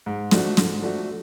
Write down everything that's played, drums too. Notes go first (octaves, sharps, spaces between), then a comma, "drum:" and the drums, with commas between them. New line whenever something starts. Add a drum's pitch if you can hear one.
G#2
F3 A3 D4 F#4, drum: snare
G#2, drum: snare
F3 A3 D4 F#4